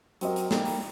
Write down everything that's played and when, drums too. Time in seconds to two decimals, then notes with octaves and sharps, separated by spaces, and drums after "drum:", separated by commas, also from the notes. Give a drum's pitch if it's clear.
0.21 F#3 C4 G4 A#4 D#5, drum: hi-hat
0.36 drum: hi-hat
0.51 G3 A#3 D#4, drum: snare
0.65 drum: open hi-hat